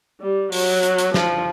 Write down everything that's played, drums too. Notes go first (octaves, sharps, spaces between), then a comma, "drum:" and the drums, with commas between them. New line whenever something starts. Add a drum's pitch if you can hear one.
G3
F#3, drum: open hi-hat
drum: hi-hat
drum: hi-hat
F3, drum: snare